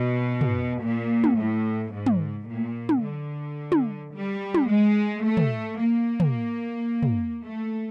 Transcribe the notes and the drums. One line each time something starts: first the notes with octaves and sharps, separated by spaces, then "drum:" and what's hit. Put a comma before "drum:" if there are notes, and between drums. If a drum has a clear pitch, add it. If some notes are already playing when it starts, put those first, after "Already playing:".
Already playing: B2
drum: tom
A#2
drum: tom
A2
G#2
drum: tom
A#2
drum: tom
D3
drum: tom
G3
drum: tom
G#3
A3
drum: tom
A#3
drum: tom
drum: tom
A3